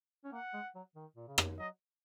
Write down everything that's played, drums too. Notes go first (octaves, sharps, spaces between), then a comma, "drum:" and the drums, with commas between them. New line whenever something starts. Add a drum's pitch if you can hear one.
C#4
A#3 F#5
G#3
F#3
D#3
A#2
C#3
drum: rim click
F#3 D#5